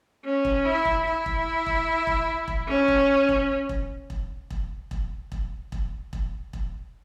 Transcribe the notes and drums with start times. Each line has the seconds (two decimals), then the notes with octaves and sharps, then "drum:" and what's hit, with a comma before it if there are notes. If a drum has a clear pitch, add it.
0.25 C#4
0.45 drum: kick E1
0.65 E4
0.85 drum: kick E1
1.05 E4
1.26 drum: kick E1
1.66 drum: kick E1
2.07 drum: kick E1
2.48 drum: kick E1
2.67 C#4
2.88 drum: kick E1
3.29 drum: kick E1
3.69 drum: kick E1
4.10 drum: kick E1
4.50 drum: kick E1
4.91 drum: kick E1
5.32 drum: kick E1
5.72 drum: kick E1
6.13 drum: kick E1
6.53 drum: kick E1